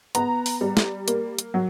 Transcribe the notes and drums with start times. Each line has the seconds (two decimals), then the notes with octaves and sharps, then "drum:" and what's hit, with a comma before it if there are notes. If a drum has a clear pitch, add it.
0.15 B3 A#5, drum: hi-hat
0.46 drum: open hi-hat
0.61 G3
0.77 drum: snare
1.08 A#3, drum: hi-hat
1.39 drum: hi-hat
1.54 F#3